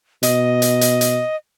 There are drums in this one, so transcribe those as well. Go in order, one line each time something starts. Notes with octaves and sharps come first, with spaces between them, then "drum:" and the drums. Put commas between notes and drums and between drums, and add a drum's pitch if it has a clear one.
B2 D#5, drum: hi-hat
drum: hi-hat
drum: hi-hat
drum: hi-hat